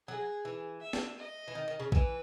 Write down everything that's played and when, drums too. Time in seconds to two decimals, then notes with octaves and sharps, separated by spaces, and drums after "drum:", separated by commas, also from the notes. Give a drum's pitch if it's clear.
0.08 F#3 G#4
0.45 E3
0.81 E5
0.93 drum: snare
1.19 D#5
1.48 E3
1.55 D#3
1.68 D#3
1.80 C#3
1.92 E3 B4, drum: kick